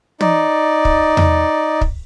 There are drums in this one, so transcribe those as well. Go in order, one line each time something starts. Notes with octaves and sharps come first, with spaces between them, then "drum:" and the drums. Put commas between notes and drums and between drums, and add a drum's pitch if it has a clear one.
D#4 D5, drum: tom
drum: kick
drum: tom E2
drum: kick